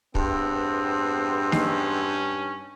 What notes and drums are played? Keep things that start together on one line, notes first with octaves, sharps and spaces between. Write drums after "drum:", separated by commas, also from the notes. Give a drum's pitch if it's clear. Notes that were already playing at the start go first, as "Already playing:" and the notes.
E2 G2 B3 C4, drum: kick
C#4 D#4 C7, drum: snare